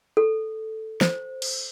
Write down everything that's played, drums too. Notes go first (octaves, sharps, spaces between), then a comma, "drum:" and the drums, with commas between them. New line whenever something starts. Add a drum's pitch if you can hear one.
A4
C5, drum: snare
drum: cymbal